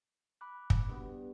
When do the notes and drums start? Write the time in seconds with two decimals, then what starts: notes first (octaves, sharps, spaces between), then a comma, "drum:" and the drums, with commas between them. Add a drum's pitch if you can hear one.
0.41 B5 D6 F#6
0.70 drum: kick
0.88 G2 B3